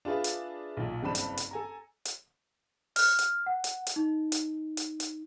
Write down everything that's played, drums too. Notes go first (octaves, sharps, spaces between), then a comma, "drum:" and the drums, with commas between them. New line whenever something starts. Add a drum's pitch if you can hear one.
D4 F4 G#4 B4 E5
drum: hi-hat
B1 A#2
F#1 G2 C4 D5 B5 E7
drum: hi-hat
drum: hi-hat
A4 G#5 A#5
drum: hi-hat
F6, drum: open hi-hat
drum: hi-hat
F#5
drum: hi-hat
drum: hi-hat
D#4
drum: hi-hat
drum: hi-hat
drum: hi-hat